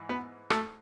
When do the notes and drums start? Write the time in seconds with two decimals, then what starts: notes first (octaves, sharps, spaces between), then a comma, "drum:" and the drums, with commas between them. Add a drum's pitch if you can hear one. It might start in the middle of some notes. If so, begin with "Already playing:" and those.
Already playing: G#2 E3
0.09 B3 B4
0.50 A3 A4, drum: rim click